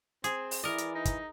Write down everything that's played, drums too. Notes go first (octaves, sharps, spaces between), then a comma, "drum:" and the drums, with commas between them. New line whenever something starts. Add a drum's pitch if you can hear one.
C4 G#4, drum: hi-hat
drum: open hi-hat
E3 E4 A#4 D5 D#5
drum: hi-hat
D#4
drum: kick, hi-hat